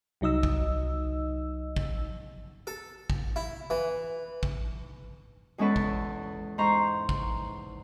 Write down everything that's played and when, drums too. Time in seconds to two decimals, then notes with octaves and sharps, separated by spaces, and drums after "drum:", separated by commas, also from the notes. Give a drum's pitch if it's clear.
0.21 C2 F#3 D#4 D#5 E6
0.43 drum: kick
1.76 drum: kick
2.67 A4
3.10 drum: kick
3.36 E4
3.70 E3
4.43 drum: kick
5.58 E2 G#3 C#4 A4 B4 C#5
5.76 drum: kick
6.58 G#2 C5 A#5 C6 C#6
7.09 drum: kick